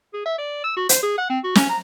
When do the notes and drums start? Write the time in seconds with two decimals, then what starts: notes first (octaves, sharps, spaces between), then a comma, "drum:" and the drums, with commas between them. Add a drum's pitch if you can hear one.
0.13 G#4
0.26 E5
0.38 D5
0.64 E6
0.76 F#4
0.89 C5, drum: hi-hat
1.03 G#4
1.18 F#5
1.30 C4
1.43 F#4
1.55 C#4, drum: snare
1.69 A#5